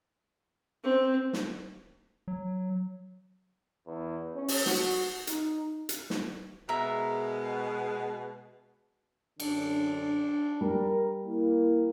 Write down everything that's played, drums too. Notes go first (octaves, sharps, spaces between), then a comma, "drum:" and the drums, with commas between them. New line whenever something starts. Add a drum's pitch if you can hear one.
C4
drum: snare
F#3
E2
C#4
drum: open hi-hat
F#4, drum: snare
D#4, drum: hi-hat
drum: hi-hat
drum: snare
B2 G#3 A#4 E5 A#5
F#2 D3 C#4 D4, drum: cymbal
G3 A#4
A#3 E4